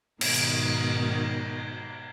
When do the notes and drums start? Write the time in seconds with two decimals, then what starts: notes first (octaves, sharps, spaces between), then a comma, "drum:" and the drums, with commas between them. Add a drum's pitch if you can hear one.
0.21 G#2 B2 D#3, drum: cymbal
0.34 drum: hi-hat